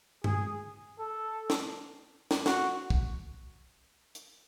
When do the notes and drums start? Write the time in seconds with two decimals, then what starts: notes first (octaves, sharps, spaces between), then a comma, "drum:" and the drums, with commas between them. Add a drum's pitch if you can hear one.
0.24 G#4, drum: tom G2
0.99 A4
1.50 drum: snare
2.31 drum: snare
2.46 F#4, drum: snare
2.90 drum: kick
4.15 drum: hi-hat